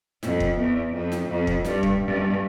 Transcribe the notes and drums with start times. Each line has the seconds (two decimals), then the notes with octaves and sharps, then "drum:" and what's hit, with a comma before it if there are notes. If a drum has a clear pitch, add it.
0.23 F2, drum: snare
0.40 drum: kick
0.58 E2
0.93 F2
1.12 drum: snare
1.29 F2
1.47 drum: kick
1.65 G2, drum: snare
1.83 drum: kick
2.01 G2